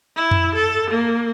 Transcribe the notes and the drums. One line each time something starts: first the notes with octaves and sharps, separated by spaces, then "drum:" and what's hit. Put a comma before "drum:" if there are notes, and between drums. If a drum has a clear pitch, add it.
E4
drum: tom F2
A4
A#3